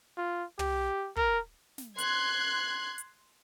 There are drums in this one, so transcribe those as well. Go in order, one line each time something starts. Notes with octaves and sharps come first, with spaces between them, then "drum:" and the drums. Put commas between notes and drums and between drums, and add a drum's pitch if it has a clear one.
F4
G4, drum: tom
A#4, drum: kick
drum: snare
C6 F#6 G#6, drum: hi-hat
drum: hi-hat